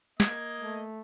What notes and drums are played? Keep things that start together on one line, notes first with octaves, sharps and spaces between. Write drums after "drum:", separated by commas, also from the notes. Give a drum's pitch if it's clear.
A#3 D#5 G#6, drum: snare
A3